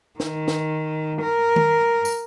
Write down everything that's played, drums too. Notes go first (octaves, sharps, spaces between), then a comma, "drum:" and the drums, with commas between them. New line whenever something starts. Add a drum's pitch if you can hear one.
D#3, drum: snare
drum: snare
A#4
drum: tom D#3
drum: tambourine